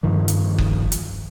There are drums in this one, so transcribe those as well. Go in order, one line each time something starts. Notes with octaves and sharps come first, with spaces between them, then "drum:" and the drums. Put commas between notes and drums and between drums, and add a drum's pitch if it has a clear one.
G2 D#3 F3
drum: hi-hat
drum: kick F#1
drum: hi-hat